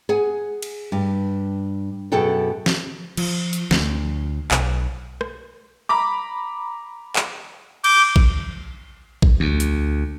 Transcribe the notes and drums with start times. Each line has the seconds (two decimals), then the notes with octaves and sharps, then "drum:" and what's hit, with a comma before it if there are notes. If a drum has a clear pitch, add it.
0.09 G#4 F#5 G#5
0.62 drum: cymbal
0.92 G2
2.12 F#2 B2 G#4 A4 F#5 G5
2.66 drum: snare
3.17 F3, drum: cymbal
3.53 drum: hi-hat
3.71 D2, drum: snare
4.51 B1, drum: clap
5.21 drum: rim click
5.89 A#5 B5 D6
7.16 drum: clap
7.84 D6 G6, drum: cymbal
8.16 drum: kick A1
9.22 drum: kick A1
9.40 D2
9.60 drum: hi-hat